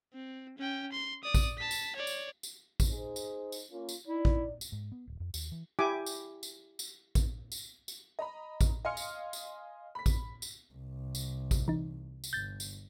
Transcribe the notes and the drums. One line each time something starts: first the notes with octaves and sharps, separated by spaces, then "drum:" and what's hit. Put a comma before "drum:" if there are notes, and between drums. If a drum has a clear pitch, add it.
C4
C#4 G5
C6
D5 D#6
drum: kick A1, tambourine
A5 B6
drum: tambourine
C#5 D5
drum: tambourine
drum: tambourine
drum: kick A1, tambourine
D#4 G#4 C5
drum: tambourine
drum: tambourine
A#3 C#4 F4
drum: tambourine
D#4 E4 D5
drum: kick A1
drum: tambourine
G#2
B3
D1
F2
D#2, drum: tambourine
E3
E4 G4 G#5 D6
drum: tambourine
drum: tambourine
drum: tambourine
drum: kick A1, tambourine
drum: tambourine
drum: tambourine
D#5 A#5 B5
drum: kick A1, tambourine
D#5 F5 G#5 C6 F6 C#7
drum: tambourine
drum: tambourine
B5 B6
drum: kick A1, tambourine
drum: tambourine
C2
drum: tambourine
drum: kick A1, tambourine
E3 D#4
drum: tambourine
G1 G6 A6
drum: tambourine